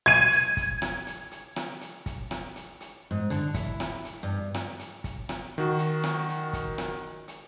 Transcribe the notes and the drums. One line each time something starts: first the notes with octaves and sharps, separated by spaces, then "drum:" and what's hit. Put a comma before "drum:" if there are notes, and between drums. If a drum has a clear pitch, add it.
G#6 D#7
drum: hi-hat
drum: kick, hi-hat
drum: rim click
drum: hi-hat
drum: hi-hat
drum: rim click
drum: hi-hat
drum: kick, hi-hat
drum: rim click
drum: hi-hat
drum: hi-hat
G#2
D3, drum: hi-hat
E4, drum: kick, hi-hat
drum: rim click
drum: hi-hat
G2
drum: rim click
drum: hi-hat
drum: kick, hi-hat
drum: rim click
D#3 F#4
drum: hi-hat
drum: rim click
drum: hi-hat
drum: kick, hi-hat
drum: rim click
drum: hi-hat